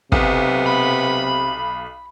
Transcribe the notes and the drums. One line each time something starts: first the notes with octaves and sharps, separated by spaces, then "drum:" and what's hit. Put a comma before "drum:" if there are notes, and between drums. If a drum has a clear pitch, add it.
B1 C3 B3, drum: kick
B5